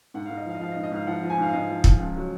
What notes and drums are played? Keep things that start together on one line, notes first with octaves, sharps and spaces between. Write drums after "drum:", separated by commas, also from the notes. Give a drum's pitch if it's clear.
G#2 F#5
F5
G#2
D#5
F3 F5
D#5
F3 F5
D#5
G#2
D#5
G#2 F5
F3 F#5
F3
G#5
G#2 F5
F5
G#2 D#5
F3
F3, drum: kick
C#2
F#3